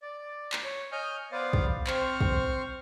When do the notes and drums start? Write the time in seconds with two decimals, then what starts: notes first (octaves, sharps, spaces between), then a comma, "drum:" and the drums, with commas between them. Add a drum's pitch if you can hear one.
0.02 D5
0.53 drum: clap
0.64 C#5
0.92 C#5 D#5 G#5 F6 G6
1.32 B3 B4 C5 D5 F5
1.53 drum: kick
1.87 C4 C5 C#6 F6, drum: clap
2.21 drum: kick